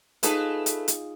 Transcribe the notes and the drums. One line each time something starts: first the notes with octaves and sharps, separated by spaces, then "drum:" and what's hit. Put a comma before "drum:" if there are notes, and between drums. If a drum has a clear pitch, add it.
A3 D#4 F4 G#4 A4 B4, drum: hi-hat
drum: hi-hat
drum: hi-hat